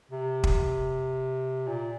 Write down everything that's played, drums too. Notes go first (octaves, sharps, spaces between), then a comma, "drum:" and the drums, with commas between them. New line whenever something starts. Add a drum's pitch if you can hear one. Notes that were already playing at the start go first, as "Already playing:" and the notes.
C3
drum: kick
A#2